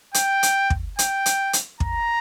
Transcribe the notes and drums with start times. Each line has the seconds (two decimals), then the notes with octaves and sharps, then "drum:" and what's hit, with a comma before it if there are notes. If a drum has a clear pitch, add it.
0.14 G5, drum: hi-hat
0.43 drum: hi-hat
0.70 drum: kick
0.99 G5, drum: hi-hat
1.26 drum: hi-hat
1.53 drum: hi-hat
1.80 A#5, drum: kick